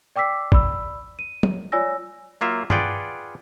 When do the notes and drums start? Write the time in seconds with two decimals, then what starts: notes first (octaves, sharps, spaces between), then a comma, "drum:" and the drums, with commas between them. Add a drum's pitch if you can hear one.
0.16 D5 G5 D6 E6 B6 C7
0.52 D5 B5 E6, drum: kick
1.19 D#7
1.43 drum: tom
1.72 F4 C#5 D5 G#5 E6 A#6
2.41 F#3 A#3 F4 E5
2.70 F4 G#4 B4 D5 F#5 G5, drum: tom G2